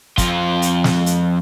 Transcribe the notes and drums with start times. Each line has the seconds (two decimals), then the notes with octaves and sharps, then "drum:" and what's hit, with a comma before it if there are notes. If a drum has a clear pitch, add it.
0.18 F2 F4, drum: kick, hi-hat
0.62 drum: hi-hat
0.84 drum: snare
1.06 drum: hi-hat